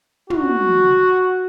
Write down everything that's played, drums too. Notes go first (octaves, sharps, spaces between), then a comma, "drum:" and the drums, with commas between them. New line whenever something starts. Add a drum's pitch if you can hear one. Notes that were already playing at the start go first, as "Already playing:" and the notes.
F#4, drum: tom